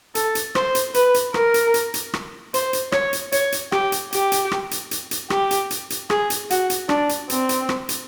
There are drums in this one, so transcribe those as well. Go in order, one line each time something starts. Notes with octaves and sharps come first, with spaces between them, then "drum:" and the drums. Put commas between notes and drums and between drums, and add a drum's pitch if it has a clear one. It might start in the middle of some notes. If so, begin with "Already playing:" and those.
A4, drum: hi-hat
drum: hi-hat
C5, drum: rim click
drum: hi-hat
B4, drum: hi-hat
drum: hi-hat
A#4, drum: rim click
drum: hi-hat
drum: hi-hat
drum: hi-hat
drum: rim click
C5, drum: hi-hat
drum: hi-hat
C#5, drum: rim click
drum: hi-hat
C#5, drum: hi-hat
drum: hi-hat
G4, drum: rim click
drum: hi-hat
G4, drum: hi-hat
drum: hi-hat
drum: rim click
drum: hi-hat
drum: hi-hat
drum: hi-hat
G4, drum: rim click
drum: hi-hat
drum: hi-hat
drum: hi-hat
G#4, drum: rim click
drum: hi-hat
F#4, drum: hi-hat
drum: hi-hat
D4, drum: rim click
drum: hi-hat
C4, drum: hi-hat
drum: hi-hat
drum: rim click
drum: hi-hat